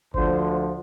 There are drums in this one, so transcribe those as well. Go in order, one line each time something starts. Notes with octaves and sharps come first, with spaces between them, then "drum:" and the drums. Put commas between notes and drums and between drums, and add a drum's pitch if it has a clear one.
D2 D3 F3 C5, drum: kick G1